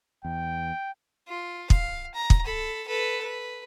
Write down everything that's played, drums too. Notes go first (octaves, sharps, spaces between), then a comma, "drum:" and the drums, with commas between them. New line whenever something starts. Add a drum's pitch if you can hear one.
E2 G5
F4
F5, drum: kick
A#5
drum: kick
A4 B5
A4 B4
B4